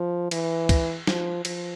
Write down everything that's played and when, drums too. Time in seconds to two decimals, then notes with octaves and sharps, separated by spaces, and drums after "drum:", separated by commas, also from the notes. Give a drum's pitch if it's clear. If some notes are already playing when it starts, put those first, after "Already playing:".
Already playing: F3
0.31 E3, drum: cymbal
0.69 drum: kick C#2, cymbal
1.07 F3, drum: snare
1.45 F3, drum: cymbal